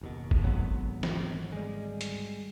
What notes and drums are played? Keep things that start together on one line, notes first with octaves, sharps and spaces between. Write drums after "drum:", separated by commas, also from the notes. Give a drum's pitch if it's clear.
F#1 D#2 B2
drum: kick
G#1 D2 F#3 B3
drum: snare
G3 G#3
drum: hi-hat